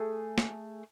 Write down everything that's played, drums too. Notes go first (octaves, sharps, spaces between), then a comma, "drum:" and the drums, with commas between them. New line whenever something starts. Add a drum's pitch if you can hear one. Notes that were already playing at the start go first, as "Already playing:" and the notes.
Already playing: A3 G#4
drum: snare